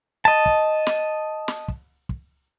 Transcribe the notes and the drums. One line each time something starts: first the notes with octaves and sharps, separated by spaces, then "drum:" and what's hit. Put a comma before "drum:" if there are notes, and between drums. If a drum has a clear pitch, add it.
D#5 A5
drum: kick
drum: snare
drum: snare
drum: kick
drum: kick